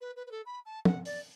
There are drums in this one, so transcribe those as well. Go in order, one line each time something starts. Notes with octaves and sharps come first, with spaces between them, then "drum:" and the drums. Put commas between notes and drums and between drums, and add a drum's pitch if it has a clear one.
B4
B4
B4
A4
B5
A5
F#5, drum: tom
D5, drum: open hi-hat